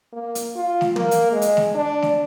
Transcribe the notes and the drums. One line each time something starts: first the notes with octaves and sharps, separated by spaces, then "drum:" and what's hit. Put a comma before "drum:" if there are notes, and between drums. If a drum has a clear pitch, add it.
A#3
drum: hi-hat
F4
drum: snare A3
A#3, drum: tom
drum: hi-hat
G#3
drum: hi-hat
drum: snare A3
D4
drum: snare A3